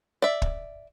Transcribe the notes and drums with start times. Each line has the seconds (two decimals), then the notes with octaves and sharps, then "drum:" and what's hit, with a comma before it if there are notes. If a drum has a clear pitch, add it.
0.22 D5 E5
0.42 drum: kick